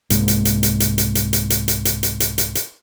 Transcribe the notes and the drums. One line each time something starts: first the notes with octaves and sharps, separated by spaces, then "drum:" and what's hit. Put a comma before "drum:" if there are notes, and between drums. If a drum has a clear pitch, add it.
C2 G#2 G#3 A#3, drum: hi-hat
drum: hi-hat
drum: hi-hat
drum: hi-hat
drum: hi-hat
drum: hi-hat
drum: hi-hat
drum: hi-hat
drum: hi-hat
drum: hi-hat
drum: hi-hat
drum: hi-hat
drum: hi-hat
drum: hi-hat
drum: hi-hat